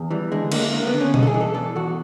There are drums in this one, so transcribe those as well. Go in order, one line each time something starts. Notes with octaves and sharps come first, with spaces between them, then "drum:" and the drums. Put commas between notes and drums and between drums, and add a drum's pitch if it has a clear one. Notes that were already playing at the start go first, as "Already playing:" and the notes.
Already playing: E2
E3 G3
D3 G#3
D3 A#3, drum: cymbal
D3 A#3
B3
D3
C#4
G2 D#4, drum: tom B2
A4
G#4
E3
A4
E2 A4
E2 F#4